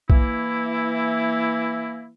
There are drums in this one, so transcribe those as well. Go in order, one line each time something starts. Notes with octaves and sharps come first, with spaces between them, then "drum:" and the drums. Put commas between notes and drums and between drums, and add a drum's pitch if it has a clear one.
E3 A#3 E4, drum: kick B1